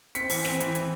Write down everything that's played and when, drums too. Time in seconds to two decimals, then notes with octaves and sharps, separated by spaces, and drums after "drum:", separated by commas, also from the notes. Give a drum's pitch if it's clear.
0.15 C4 B6 C#7, drum: hi-hat
0.30 E3, drum: open hi-hat
0.45 C4, drum: snare
0.60 E3, drum: hi-hat
0.75 E3, drum: hi-hat